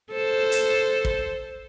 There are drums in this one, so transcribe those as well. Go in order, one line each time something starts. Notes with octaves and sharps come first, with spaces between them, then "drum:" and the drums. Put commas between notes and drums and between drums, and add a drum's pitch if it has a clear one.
A4 C5
drum: hi-hat
drum: kick